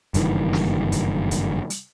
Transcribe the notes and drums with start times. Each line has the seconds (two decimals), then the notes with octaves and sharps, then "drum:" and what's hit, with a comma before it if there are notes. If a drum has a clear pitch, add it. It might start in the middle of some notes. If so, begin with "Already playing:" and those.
0.14 F#1 G2 D#3 E3, drum: hi-hat
0.53 drum: snare
0.92 drum: kick, hi-hat
1.31 drum: kick, hi-hat
1.70 drum: hi-hat